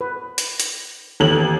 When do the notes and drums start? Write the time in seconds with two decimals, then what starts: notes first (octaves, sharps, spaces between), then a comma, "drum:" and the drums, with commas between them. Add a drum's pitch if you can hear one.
0.01 B4
0.38 drum: hi-hat
0.60 drum: hi-hat
1.20 D#2 E3 A4 F#7